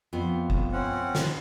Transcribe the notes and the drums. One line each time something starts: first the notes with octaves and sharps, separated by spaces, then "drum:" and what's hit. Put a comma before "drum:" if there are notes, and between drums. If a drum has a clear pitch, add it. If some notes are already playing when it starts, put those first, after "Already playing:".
F2 B3 F4
drum: kick F#1
C4 C#4 F#5
drum: snare